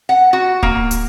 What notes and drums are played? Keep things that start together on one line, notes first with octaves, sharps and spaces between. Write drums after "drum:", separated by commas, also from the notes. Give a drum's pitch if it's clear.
F#5
F#4
A#3, drum: kick D1
drum: hi-hat